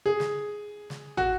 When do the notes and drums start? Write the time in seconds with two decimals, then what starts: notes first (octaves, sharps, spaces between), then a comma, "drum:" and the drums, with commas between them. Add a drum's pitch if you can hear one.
0.06 G#4
0.20 drum: snare
0.90 drum: snare
1.17 F#4, drum: tom